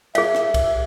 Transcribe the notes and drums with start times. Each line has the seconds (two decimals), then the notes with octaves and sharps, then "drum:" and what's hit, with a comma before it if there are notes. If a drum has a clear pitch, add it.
0.15 G#4 E5 F5, drum: cymbal
0.35 drum: rim click
0.54 drum: kick C2, cymbal